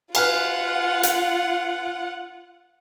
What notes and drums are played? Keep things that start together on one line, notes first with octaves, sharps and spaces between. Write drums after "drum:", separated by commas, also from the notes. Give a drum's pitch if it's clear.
F4 B4 F5 F#5 G#5, drum: cymbal
drum: hi-hat